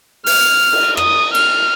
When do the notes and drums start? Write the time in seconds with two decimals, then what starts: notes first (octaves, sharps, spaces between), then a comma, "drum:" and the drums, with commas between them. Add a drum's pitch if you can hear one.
0.26 F6, drum: open hi-hat
0.72 drum: cymbal
0.97 D#6, drum: rim click
1.34 F6, drum: cymbal